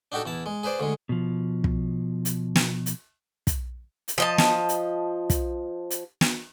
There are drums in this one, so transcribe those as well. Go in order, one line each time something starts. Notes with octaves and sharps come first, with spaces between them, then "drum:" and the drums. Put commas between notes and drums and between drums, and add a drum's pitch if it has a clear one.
D4 D#4 F#4 G4 A4
E2 E4 A5
G#3
G#4 B4 C5 D5
D2 D3 G#3
B2 F3
drum: kick
drum: hi-hat
drum: snare
drum: hi-hat
drum: kick, hi-hat
drum: hi-hat
F3 D#5 A5
drum: snare
drum: hi-hat
drum: kick, hi-hat
drum: hi-hat
drum: snare